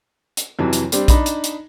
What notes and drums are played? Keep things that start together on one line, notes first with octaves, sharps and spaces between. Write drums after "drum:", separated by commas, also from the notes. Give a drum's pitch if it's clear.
drum: hi-hat
F2 C3 E3 F#3
drum: hi-hat
G3 C4 D4, drum: hi-hat
D4 D#4 B5, drum: kick A#1, hi-hat
drum: hi-hat
drum: hi-hat